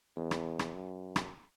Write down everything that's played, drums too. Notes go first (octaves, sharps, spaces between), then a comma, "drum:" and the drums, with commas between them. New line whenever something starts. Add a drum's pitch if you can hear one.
E2
drum: rim click
drum: rim click
F#2
drum: rim click